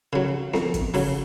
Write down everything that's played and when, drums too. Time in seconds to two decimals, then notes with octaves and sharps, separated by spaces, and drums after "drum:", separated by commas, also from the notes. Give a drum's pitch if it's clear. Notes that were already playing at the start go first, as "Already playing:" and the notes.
0.13 C#3 F#3
0.54 F2, drum: snare B3
0.74 drum: kick, hi-hat
0.94 C#3 F#3, drum: open hi-hat